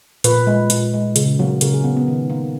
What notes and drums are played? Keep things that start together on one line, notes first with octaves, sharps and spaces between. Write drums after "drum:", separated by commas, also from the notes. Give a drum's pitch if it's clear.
A#2 B4, drum: hi-hat
G#3
A#2, drum: hi-hat
G#3
C#3, drum: hi-hat
F#3 A#3
C#3 A#4, drum: hi-hat
G#4
F#3 A#3 B3
B3
D#3
A#3